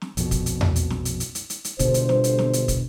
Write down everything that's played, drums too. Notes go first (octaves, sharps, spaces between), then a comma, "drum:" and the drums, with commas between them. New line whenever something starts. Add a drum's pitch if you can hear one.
drum: snare
A#1 F2 B2, drum: hi-hat
drum: kick, hi-hat
drum: hi-hat
drum: tom E2
drum: hi-hat
drum: snare
drum: hi-hat
drum: hi-hat
drum: hi-hat
drum: hi-hat
drum: hi-hat
G1 B2 D3 C5, drum: kick, hi-hat
drum: hi-hat
drum: snare
drum: hi-hat
drum: snare
drum: hi-hat
drum: kick, hi-hat